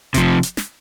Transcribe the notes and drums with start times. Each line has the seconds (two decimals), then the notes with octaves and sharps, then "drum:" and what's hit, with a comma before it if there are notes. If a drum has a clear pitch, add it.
0.14 C3 F3, drum: kick F#1, hi-hat
0.43 drum: hi-hat
0.57 drum: snare